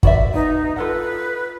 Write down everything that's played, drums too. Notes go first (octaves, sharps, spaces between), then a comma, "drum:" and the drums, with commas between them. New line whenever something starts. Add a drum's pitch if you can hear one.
F#4 D5 E5, drum: kick
B3 D#4
F4 A4 B4 F#5